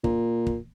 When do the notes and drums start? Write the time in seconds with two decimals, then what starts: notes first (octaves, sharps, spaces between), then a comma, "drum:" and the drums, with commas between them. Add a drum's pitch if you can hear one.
0.04 A#2, drum: kick
0.47 drum: kick